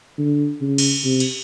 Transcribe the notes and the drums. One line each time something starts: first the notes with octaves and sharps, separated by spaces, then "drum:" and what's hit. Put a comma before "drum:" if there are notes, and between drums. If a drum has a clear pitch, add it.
D3
C#3
drum: cymbal
C3
drum: cymbal